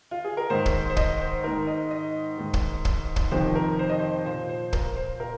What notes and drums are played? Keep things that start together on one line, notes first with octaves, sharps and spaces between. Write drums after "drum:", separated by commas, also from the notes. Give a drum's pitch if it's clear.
F4
G#4
A#4
G#2 D#3 C5
drum: kick
C5
D#5, drum: kick
C5
G#2 D#3 A#4
D#5
D#5
G#2 D#3
drum: kick
drum: kick
drum: kick
F2 C3 D#3 C5
A#4
C5
D#5
C5
A#2 F3 C5
C5
A#4, drum: kick
C5
A#2 A#4